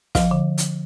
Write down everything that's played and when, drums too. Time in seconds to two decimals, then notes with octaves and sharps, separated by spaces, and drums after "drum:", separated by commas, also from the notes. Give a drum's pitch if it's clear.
0.15 F3 F5, drum: snare
0.31 D3
0.58 drum: hi-hat